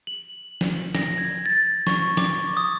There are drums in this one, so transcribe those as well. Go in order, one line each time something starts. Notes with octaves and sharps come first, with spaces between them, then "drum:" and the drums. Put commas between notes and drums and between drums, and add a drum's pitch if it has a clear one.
F#7
drum: snare
A#6, drum: snare
G#6
A6
C#6, drum: snare
D6, drum: snare
D#6